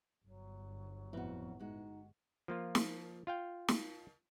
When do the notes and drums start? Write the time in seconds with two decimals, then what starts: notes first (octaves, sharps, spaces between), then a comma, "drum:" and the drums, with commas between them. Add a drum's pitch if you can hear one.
0.25 G1 F#3
1.13 F2 A2 B3 E4 F#4
1.60 G#3 D#4 F#4
2.48 F3 A#3 F4
2.75 drum: snare
3.27 F4 F5 G5
3.68 drum: snare